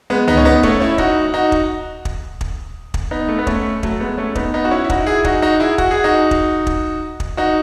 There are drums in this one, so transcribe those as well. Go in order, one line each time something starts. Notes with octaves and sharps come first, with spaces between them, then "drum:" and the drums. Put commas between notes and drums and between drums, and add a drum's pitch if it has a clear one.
G#3 B3
B3 D#4, drum: tom C#2
C#4
B3 D#4
A3 C#4, drum: kick
C#4 E4
D#4 F#4, drum: kick
D#4 F#4
drum: kick
drum: kick
drum: kick
drum: kick
B3 D#4
A3
B3
A3 C#4, drum: kick
F#3 A3, drum: kick
G#3 B3
A3 C#4
B3 D#4, drum: kick
B3 D#4
F#4
C#4 E4
E4
D#4 F#4, drum: kick
E4 G#4
D#4 F#4, drum: kick
D#4 F#4
E4 G#4
F#4, drum: kick
G#4
D#4 F#4
drum: kick
drum: kick
drum: kick
D#4 F#4